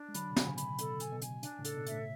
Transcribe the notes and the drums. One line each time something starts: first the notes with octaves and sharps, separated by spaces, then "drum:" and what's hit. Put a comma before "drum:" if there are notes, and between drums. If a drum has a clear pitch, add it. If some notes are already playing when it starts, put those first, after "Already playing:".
Already playing: D4
G#3
D3 F#3 B5, drum: hi-hat
B2 D3
G#5, drum: snare
A2 C#3
B5, drum: hi-hat
B2
B2 A4, drum: hi-hat
G#5, drum: hi-hat
B2
G#5, drum: hi-hat
D4, drum: hi-hat
A2 C#3
A4, drum: hi-hat
B2
E5, drum: hi-hat
A2